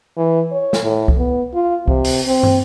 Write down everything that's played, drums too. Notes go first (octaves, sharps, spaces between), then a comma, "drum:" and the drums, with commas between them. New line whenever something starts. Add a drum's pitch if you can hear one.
E3
C#5
drum: snare
A2
drum: kick
B3
F4
C3, drum: kick
drum: open hi-hat
C4
drum: tom